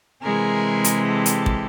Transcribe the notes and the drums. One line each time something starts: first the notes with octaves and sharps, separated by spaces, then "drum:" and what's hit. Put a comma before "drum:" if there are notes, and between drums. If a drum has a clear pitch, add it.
C3 E3 G#3 G#4 A#4
drum: hi-hat
G4 A4
drum: hi-hat
drum: kick